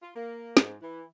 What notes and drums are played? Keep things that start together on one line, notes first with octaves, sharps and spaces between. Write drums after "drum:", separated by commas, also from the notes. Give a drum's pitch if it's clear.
F4
A#3
G#2, drum: snare
E3